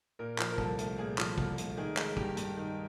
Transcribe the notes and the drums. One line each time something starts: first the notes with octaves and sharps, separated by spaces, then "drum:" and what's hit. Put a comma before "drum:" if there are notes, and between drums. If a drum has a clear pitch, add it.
A#2 A#4
F3, drum: clap
A#4
C2 A4, drum: kick
A3, drum: hi-hat
A#2 G#4
F3, drum: clap
C2, drum: kick
A3, drum: hi-hat
D#3 G#4
G#3, drum: clap
G2 G4, drum: kick
G2, drum: hi-hat
D#3